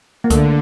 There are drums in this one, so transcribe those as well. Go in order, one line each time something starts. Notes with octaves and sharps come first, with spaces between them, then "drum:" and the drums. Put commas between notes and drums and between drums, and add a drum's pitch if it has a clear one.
A#3
D3 A3, drum: kick C#2, hi-hat